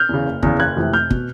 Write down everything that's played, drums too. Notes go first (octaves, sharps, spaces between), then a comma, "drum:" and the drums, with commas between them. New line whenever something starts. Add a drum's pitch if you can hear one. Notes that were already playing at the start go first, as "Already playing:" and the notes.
Already playing: F6 G6
E2 C#3
F#1
E2 C#3, drum: kick
F#1 F#6 G#6
F2 C3 E3 A3
F1 F6 G6
B2, drum: kick